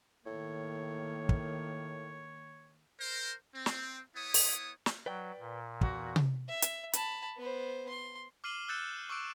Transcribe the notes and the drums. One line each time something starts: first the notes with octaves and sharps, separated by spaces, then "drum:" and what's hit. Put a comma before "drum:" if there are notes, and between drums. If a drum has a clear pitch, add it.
A2 D#3 A#3 C#5
drum: kick
A#4 C5
C4
drum: snare
B3 E4 C#5 D#6
drum: open hi-hat
drum: snare
F#3 B4 D5 G5
A#2
E2 F#4, drum: kick
drum: tom C3
E5
drum: hi-hat
A5 B5, drum: hi-hat
B3 C5
C6
D6 F6 C7 D#7 F#7 G7
E6 F#6 G6 A6 C#7 E7
C#6 D6 E6 F#6 D7